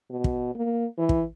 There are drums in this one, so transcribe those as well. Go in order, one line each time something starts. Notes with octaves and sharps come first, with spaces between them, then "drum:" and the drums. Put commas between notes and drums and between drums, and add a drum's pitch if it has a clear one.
B2
drum: kick
A#3
E3
drum: kick